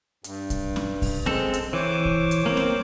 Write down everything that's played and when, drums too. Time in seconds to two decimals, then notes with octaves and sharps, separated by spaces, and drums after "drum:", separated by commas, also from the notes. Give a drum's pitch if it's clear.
0.24 G2, drum: hi-hat
0.50 drum: kick A#1, hi-hat
0.76 drum: snare C#4
1.02 drum: kick A#1, open hi-hat
1.26 G#3 C4 A4, drum: snare C#4
1.54 drum: hi-hat
1.73 E3 C5 C#5 D6
2.05 drum: kick A#1
2.31 drum: hi-hat
2.46 A#3 C4
2.57 drum: snare C#4